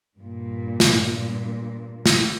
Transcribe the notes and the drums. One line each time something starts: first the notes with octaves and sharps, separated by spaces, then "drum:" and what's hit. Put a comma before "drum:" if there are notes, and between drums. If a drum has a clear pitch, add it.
G2 A#2
drum: snare
drum: snare